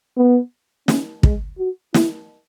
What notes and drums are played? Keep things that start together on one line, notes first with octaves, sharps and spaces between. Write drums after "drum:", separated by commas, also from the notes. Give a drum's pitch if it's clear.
B3
C#4, drum: snare
G#3, drum: kick
F#4
E4, drum: snare